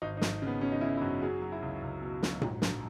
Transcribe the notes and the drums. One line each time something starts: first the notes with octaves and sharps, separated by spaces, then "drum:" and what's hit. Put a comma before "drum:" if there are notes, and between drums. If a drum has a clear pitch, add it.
G#1 D#4
D#4
G#1, drum: snare
C#3 B3
C#3 C#4
D#4
C#3 E4
E4
F#2 F#4
F#3 G#4
F#3
E4
C#2
C#2
B2
F#3, drum: snare
G#2, drum: tom A#2
A#1, drum: snare